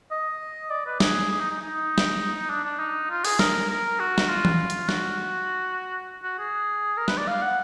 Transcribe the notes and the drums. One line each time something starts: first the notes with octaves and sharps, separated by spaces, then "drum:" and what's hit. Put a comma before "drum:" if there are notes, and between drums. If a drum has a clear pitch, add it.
D#5
D5
B4
G#4, drum: snare
G#4
D#4
D#4
D#4
drum: snare
D4
D4
D#4
F4
G#4, drum: open hi-hat
A#4, drum: snare
A#4
F#4
drum: snare
F4
drum: tom E3
drum: hi-hat
F#4, drum: snare
F#4
G#4
A#4
B4, drum: snare
D5
F5
F#5